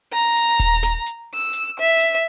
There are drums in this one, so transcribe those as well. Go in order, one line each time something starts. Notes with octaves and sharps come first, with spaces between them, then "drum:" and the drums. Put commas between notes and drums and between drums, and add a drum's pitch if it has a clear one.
A#5
drum: hi-hat
drum: kick D#1, hi-hat
drum: snare
drum: hi-hat
E6
drum: hi-hat
E5
drum: hi-hat